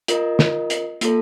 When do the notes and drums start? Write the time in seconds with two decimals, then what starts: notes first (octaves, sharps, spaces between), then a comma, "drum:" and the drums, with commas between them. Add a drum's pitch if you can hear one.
0.08 F4 A#4 D#5, drum: hi-hat
0.39 drum: snare
0.70 drum: hi-hat
1.01 A#3 F4 A4, drum: hi-hat